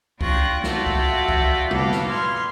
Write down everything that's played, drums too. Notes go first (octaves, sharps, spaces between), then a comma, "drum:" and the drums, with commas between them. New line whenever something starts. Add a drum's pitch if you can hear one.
D4 F4 G5 C#6 F#6 A#6, drum: kick C2
F4 F#4 A4 D5 E5 G5, drum: snare
drum: kick C2
drum: kick C2
F2 B3 F#4 A4 F5 D6, drum: tom
drum: snare
A#2 E3 C6 F6 G#6